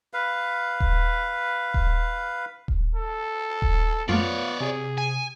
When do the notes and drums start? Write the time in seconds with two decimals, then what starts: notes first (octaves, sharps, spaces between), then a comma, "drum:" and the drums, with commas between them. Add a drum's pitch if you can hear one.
0.14 B4 F5
0.80 drum: kick D#1
1.74 drum: kick D#1
2.68 drum: kick D#1
2.95 A4
3.62 drum: kick D#1
4.09 F#2 A3 B3 F4 C#5 D5
4.60 C3 G#4
4.98 G#5